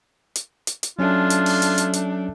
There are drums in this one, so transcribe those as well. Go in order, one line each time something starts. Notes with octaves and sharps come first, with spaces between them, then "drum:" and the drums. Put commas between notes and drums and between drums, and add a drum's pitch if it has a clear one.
drum: hi-hat
drum: hi-hat
drum: hi-hat
F#3 A3 C#4 D4 F4
drum: hi-hat
drum: open hi-hat
drum: hi-hat
drum: hi-hat
drum: hi-hat